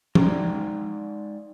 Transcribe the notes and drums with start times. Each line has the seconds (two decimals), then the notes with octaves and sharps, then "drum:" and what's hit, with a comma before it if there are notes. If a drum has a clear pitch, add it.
0.15 G#3 D#4 D5 G5 A#5, drum: tom